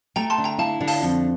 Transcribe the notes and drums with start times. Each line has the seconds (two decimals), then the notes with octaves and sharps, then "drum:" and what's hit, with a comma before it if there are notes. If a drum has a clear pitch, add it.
0.16 A3 G5 A#5
0.30 A5 C6
0.38 D3
0.44 G5 A#5
0.58 E4 F5 A5
0.81 D3
0.88 F5 A5, drum: open hi-hat
1.02 F2